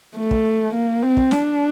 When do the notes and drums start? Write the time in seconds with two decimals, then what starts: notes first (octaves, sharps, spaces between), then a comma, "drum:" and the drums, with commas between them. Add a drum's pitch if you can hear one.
0.17 A3
0.31 drum: kick
0.74 A#3
1.03 C4
1.17 drum: kick
1.31 D4, drum: snare